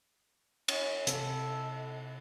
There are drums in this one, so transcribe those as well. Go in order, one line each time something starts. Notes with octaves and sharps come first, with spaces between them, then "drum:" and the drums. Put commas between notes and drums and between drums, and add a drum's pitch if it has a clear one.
C#4, drum: cymbal
C3 A4, drum: hi-hat